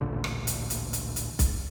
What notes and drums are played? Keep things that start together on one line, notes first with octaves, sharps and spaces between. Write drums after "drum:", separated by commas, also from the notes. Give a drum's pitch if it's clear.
A1 D2 A#2 D3
drum: rim click
drum: hi-hat
drum: hi-hat
drum: hi-hat
drum: hi-hat
drum: kick B1, hi-hat